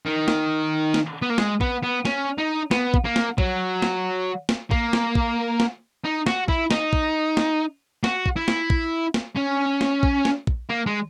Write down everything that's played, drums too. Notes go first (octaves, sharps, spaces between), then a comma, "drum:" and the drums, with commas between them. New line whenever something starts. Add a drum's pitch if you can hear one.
D#3
drum: snare
drum: snare
B3
A#3
G#3, drum: snare
B3, drum: kick
B3
C#4, drum: snare
D#4
B3, drum: snare
drum: kick
A#3
drum: snare
F#3, drum: kick
drum: snare
drum: snare
A#3, drum: kick
drum: snare
drum: kick
drum: snare
D#4
F#4, drum: snare
E4, drum: kick
D#4, drum: snare
drum: kick
drum: snare
F#4, drum: snare
drum: kick
E4
drum: snare
drum: kick
drum: snare
C#4
drum: snare
drum: kick
drum: snare
drum: kick
A#3
G#3